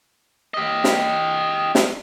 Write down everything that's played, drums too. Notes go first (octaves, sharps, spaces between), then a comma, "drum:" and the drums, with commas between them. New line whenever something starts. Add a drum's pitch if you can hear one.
G4 D#5
drum: snare
drum: snare